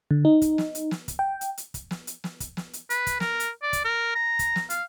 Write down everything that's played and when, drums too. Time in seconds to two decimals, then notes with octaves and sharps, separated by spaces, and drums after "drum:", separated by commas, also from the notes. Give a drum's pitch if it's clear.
0.11 D3
0.25 D#4
0.42 drum: kick, hi-hat
0.58 drum: snare
0.75 drum: hi-hat
0.91 drum: snare
1.08 drum: kick, hi-hat
1.19 G5
1.41 drum: hi-hat
1.58 drum: hi-hat
1.74 drum: kick, hi-hat
1.91 drum: snare
2.07 drum: hi-hat
2.24 drum: snare
2.40 drum: kick, hi-hat
2.57 drum: snare
2.73 drum: hi-hat
2.90 B4, drum: hi-hat
3.07 drum: kick, hi-hat
3.20 A#4, drum: snare
3.40 drum: hi-hat
3.63 D5
3.73 drum: kick, hi-hat
3.85 A#4
4.15 A#5
4.39 drum: kick, hi-hat
4.56 drum: snare
4.70 F5, drum: hi-hat